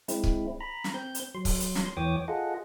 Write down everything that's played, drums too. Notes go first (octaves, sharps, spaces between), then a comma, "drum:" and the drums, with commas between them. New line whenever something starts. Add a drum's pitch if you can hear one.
G#3 C4 E4, drum: hi-hat
drum: kick C#1
A#5 B5
drum: snare
C4 G6
drum: hi-hat
F#3 C6
drum: kick C#1, open hi-hat
drum: hi-hat
drum: snare
E2 E3 C#5 G5 D6 D#6
F4 G#4 A4 D#5 F#5